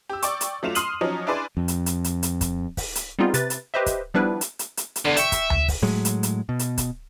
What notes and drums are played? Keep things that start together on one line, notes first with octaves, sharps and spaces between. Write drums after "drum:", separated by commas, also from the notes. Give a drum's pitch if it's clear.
G4 E6
D5 G5 C#6 D6, drum: hi-hat
drum: hi-hat
F#3 A3 F4 E7 F7
C6 D#6 F6 C7 D#7 F#7, drum: hi-hat
F3 F#3 C#4 D#4
D4 E4 G#4 B4 D5 C6
F2
drum: hi-hat
drum: hi-hat
drum: hi-hat
drum: hi-hat
drum: kick, hi-hat
drum: kick, open hi-hat
drum: hi-hat
G3 B3 C4 D#4 F4 G#4
C3 B4 A6, drum: hi-hat
drum: hi-hat
G4 B4 C5 D#5 E5
drum: kick, hi-hat
F3 G3 B3 D4 E4 B4
drum: hi-hat
drum: hi-hat
drum: hi-hat
drum: hi-hat
E2 D3
E5 G5 C#6, drum: hi-hat
drum: kick, hi-hat
drum: tom D2
drum: kick, open hi-hat
A2 F#3 G#3
drum: hi-hat
drum: hi-hat
B2
drum: hi-hat
drum: kick, hi-hat